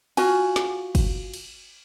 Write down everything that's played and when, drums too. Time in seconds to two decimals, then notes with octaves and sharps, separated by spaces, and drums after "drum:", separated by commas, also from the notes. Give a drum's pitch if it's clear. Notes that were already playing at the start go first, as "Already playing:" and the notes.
0.17 F4 F#4 G#5, drum: cymbal
0.56 drum: snare
0.95 drum: kick, cymbal
1.34 drum: cymbal